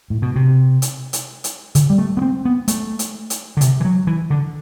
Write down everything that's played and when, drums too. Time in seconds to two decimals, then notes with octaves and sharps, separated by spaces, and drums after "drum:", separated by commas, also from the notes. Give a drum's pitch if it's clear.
0.10 A2
0.22 B2
0.36 C3
0.82 drum: hi-hat
1.13 drum: hi-hat
1.44 drum: hi-hat
1.75 D3, drum: hi-hat
1.90 G3
1.98 A3
2.17 B3
2.22 C4
2.45 B3
2.68 A3, drum: hi-hat
2.99 drum: hi-hat
3.30 drum: hi-hat
3.57 D3
3.61 C3, drum: hi-hat
3.80 E3
3.85 F#3
4.07 E3
4.30 D3